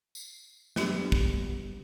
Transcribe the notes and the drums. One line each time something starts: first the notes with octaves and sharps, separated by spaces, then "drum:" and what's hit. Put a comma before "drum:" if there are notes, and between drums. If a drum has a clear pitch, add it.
drum: tambourine
F#3 G3 B3 D4 G4, drum: snare
drum: kick